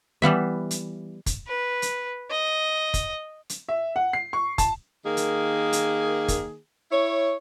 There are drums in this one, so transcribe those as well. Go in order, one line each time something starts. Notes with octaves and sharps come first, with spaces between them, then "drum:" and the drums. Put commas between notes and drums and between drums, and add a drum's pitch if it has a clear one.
E3 G3 B3 E5
drum: hi-hat
drum: kick, hi-hat
B4
drum: hi-hat
D#5
drum: kick, hi-hat
drum: hi-hat
E5
F#5
C7
C#6
A5, drum: kick, hi-hat
D#3 A#3 G#4
drum: hi-hat
drum: hi-hat
drum: kick, hi-hat
E4 C#5